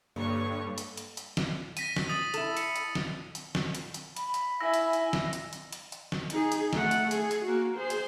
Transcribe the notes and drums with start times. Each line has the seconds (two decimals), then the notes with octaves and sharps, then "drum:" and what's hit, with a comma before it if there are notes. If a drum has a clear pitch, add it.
0.16 G2 D3 A#3 C#5 C#6
0.78 drum: hi-hat
0.97 drum: hi-hat
1.17 drum: hi-hat
1.37 drum: snare
1.77 A#6 B6 D#7, drum: hi-hat
1.96 drum: snare
2.09 D#6 A6 F#7
2.34 E4 A4, drum: hi-hat
2.57 C#7, drum: hi-hat
2.76 drum: hi-hat
2.95 drum: snare
3.35 drum: hi-hat
3.55 drum: snare
3.75 drum: hi-hat
3.94 drum: hi-hat
4.16 B5, drum: hi-hat
4.34 drum: hi-hat
4.61 E4 E5 G#5 E6 A#6
4.74 drum: hi-hat
4.93 drum: hi-hat
5.13 drum: snare
5.33 drum: hi-hat
5.53 drum: hi-hat
5.73 drum: hi-hat
5.92 drum: hi-hat
6.12 drum: snare
6.30 D#4 G#4, drum: hi-hat
6.52 drum: hi-hat
6.73 A3 F#5, drum: snare
6.91 drum: hi-hat
7.11 G#4, drum: hi-hat
7.31 drum: hi-hat
7.45 A#3 F#4
7.77 G#4 C5
7.90 drum: hi-hat